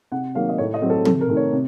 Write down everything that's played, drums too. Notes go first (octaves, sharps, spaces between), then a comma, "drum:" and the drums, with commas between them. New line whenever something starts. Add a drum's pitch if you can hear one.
C3 F#5
D#3 F#3 A#3 F5
D#5
A2 C#5
D#5
F#3 C4
A4
C3 A4, drum: tom
A#4
D#3 A3
C#5
C3